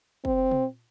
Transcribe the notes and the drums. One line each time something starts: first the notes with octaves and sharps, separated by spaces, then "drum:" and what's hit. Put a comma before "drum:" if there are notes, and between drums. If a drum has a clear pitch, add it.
C4, drum: kick
drum: tom